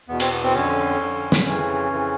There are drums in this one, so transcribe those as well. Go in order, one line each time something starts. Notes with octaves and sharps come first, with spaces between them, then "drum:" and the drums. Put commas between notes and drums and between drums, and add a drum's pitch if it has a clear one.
E2 B2 B3
C4, drum: cymbal
B3
C4
F2 D3 C#4
F2 D3
drum: snare
F2 C#3 E3 C#4
F2 C#3 E3